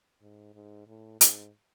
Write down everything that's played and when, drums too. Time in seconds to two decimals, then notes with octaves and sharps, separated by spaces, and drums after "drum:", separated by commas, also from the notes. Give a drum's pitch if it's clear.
0.22 G#2
0.55 G#2
0.87 A2
1.21 G#2, drum: hi-hat